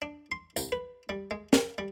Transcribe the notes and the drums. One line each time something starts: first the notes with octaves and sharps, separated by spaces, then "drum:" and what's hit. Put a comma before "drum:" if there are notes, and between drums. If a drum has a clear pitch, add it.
D4
C6
C2, drum: tambourine
B4
G3
G#3
A#4, drum: snare
G3